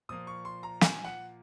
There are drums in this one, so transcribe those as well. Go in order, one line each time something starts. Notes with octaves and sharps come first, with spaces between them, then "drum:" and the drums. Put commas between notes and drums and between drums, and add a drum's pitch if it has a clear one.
A#2 F3 A#3 D#6
C#6
C6
A#5
G#5, drum: snare
F#5